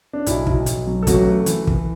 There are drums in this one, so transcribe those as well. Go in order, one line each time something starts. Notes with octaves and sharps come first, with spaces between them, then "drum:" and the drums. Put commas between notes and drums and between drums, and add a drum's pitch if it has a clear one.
D4
B1 E4, drum: hi-hat
B1, drum: kick
B1, drum: hi-hat
F#3
A4
A1 F#3 F#4, drum: kick, hi-hat
A3
E3, drum: hi-hat
E3, drum: kick